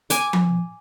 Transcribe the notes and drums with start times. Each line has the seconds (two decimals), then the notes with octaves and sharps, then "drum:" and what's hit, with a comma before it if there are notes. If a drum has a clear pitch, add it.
0.10 G#5 D6, drum: hi-hat
0.33 drum: tom F3